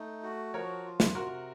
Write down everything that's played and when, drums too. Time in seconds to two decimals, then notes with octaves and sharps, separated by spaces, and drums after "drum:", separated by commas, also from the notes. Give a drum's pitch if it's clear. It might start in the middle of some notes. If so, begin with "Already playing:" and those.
Already playing: A3 D#4
0.23 F#4
0.53 F3 A#4 C#5
0.84 F4
1.00 drum: snare
1.15 C3 F#4 A#4